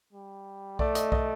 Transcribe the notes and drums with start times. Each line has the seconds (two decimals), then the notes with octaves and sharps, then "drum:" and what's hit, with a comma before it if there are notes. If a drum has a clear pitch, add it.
0.13 G3
0.79 A3 D5, drum: kick B1
0.95 D#5, drum: hi-hat
1.12 D#5, drum: kick B1